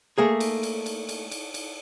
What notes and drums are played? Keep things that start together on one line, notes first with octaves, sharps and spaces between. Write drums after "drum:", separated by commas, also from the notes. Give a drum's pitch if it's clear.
A3 A#3 G#4
drum: cymbal
drum: cymbal
drum: cymbal
drum: cymbal
drum: cymbal
drum: cymbal